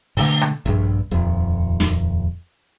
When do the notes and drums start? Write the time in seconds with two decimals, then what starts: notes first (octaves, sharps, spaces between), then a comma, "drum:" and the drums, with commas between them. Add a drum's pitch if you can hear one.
0.17 B2 D3 A3, drum: open hi-hat
0.41 drum: rim click
0.66 A#1 G2
1.11 D#1 F2
1.80 drum: snare